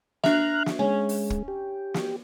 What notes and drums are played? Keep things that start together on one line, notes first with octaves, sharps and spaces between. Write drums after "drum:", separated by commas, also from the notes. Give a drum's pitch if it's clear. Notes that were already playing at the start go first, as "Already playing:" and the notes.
D4 E5 A#5 F6 F#6, drum: snare
drum: snare
G#3 C#4
drum: open hi-hat
drum: kick
G4
drum: snare